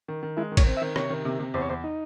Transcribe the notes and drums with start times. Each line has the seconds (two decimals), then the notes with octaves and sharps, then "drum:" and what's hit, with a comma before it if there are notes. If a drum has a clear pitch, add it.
0.08 D#3
0.23 D#3
0.37 G#3 E4
0.52 D#3
0.57 C#5, drum: kick A1, cymbal
0.67 C4
0.77 E5
0.82 D#3
0.96 C3 C#5, drum: rim click
1.10 D#3
1.25 C3
1.39 C3
1.54 E2 C5
1.61 C#5
1.69 E2 C5
1.84 D#4